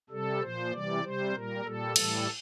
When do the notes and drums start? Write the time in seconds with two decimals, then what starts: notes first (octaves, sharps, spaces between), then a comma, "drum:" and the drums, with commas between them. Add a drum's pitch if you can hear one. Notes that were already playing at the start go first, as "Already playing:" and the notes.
0.10 C3 G3 A4
0.41 A#2 F3 C5
0.72 C3 E3 G3 D5
1.03 C3 G3 C5
1.34 A#2 G3 A#4
1.65 A#2 G3 A4
1.96 A2 E3 G3, drum: cymbal